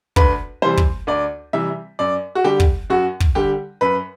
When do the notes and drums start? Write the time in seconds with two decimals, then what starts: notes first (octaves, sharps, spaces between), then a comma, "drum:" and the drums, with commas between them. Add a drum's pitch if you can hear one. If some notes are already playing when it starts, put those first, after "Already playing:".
0.16 D2 B4, drum: kick
0.62 C3 E3 G3 C5
0.77 drum: kick
1.07 D2 D5
1.53 C3 E3 G3 E5
1.99 F#2 D5
2.35 F#4
2.44 D3 G3 G4
2.60 drum: kick
2.90 F#2 F#4
3.20 drum: kick
3.35 D3 G3 G4
3.81 F#2 B4